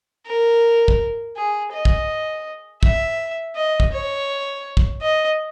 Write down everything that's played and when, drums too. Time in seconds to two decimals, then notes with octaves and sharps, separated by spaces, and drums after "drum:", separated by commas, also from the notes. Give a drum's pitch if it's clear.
0.27 A#4
0.88 drum: kick
1.37 G#4
1.73 D#5
1.85 drum: kick
2.83 E5, drum: kick
3.56 D#5
3.80 drum: kick
3.92 C#5
4.77 drum: kick
5.02 D#5